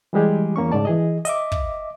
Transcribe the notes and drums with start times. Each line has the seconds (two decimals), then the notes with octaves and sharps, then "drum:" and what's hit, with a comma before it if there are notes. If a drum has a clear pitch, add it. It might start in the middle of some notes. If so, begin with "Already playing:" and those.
0.13 E3 G3 G#3 G4 G#4
0.56 E2 A#3 C#4 C#6
0.72 G#2 C#3 D5 A5
0.85 E3 G#4 D#5
1.25 D#5 E5 D6, drum: hi-hat
1.52 drum: kick